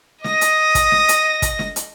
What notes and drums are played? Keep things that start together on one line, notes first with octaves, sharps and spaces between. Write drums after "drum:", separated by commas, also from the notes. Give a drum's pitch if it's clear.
D#5 D#6 A#6, drum: snare
drum: hi-hat
drum: kick, hi-hat
drum: snare
drum: hi-hat
drum: kick, hi-hat
drum: snare
drum: hi-hat